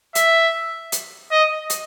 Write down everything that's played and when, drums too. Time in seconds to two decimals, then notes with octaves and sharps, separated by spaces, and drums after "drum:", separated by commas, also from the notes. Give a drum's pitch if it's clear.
0.15 E5, drum: hi-hat
0.92 drum: hi-hat
1.31 D#5
1.70 drum: hi-hat